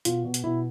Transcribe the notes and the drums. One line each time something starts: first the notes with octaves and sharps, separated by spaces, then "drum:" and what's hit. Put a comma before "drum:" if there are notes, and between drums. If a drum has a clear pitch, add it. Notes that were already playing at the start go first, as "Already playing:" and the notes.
B2 F4, drum: hi-hat
B2
drum: hi-hat
B2 E4